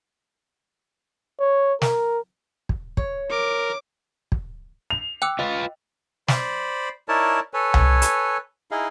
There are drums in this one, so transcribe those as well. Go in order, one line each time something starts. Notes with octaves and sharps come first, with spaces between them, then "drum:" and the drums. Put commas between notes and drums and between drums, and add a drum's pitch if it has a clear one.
C#5
A#4, drum: snare
drum: kick
C#5, drum: kick
A#4 D6
drum: kick
F7
G5 D6 E6 F#6
F4 B4 D#5
C5 D5 B5, drum: snare
D#4 E4 A#4 C#5 D5 A5
A4 B4 C#5 G#5
drum: tom C2
drum: hi-hat
D#4 E4 G#4 D#5 F5